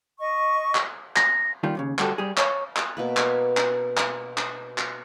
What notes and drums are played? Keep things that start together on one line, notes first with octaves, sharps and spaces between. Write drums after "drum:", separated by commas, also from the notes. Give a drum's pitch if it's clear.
D#5 C#6
drum: clap
A#6, drum: clap
D#2 D#3 G3 F4
D#2 A2 C#3
D2 G2 G3 F#4 G4 A4, drum: clap
G3 G#4
C#5, drum: clap
drum: clap
B2 A#3 B4
drum: clap
drum: clap
drum: clap
drum: clap
drum: clap